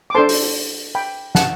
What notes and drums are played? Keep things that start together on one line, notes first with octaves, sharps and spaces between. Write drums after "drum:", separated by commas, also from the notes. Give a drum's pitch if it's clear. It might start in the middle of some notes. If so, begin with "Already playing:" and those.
D6
D4 A4 C5 A5 C6
drum: open hi-hat
G5 B5
F#5 A5, drum: snare